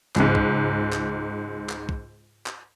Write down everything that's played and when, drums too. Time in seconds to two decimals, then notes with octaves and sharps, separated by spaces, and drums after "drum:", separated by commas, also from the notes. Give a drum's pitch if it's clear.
0.16 C#2 G#2, drum: clap
0.35 drum: kick
0.93 drum: clap
1.70 drum: clap
1.89 drum: kick
2.46 drum: clap